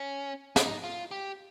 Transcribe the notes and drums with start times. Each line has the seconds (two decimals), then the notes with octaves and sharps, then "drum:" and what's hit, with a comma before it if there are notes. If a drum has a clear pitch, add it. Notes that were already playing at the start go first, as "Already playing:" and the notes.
Already playing: C#4
0.56 D#4, drum: snare
0.84 F4
1.11 G4